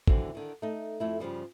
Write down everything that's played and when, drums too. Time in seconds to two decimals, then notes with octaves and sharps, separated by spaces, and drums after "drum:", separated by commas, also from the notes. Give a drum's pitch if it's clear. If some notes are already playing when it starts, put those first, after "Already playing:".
0.08 D3 E3 C4 F#4, drum: kick
0.35 D3 D#3
0.62 A3 D#4
1.00 F2 A3 E4
1.20 G2 C#3 F3 G3